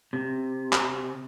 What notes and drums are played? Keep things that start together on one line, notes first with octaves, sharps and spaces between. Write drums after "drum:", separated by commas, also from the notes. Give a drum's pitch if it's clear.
C3
drum: clap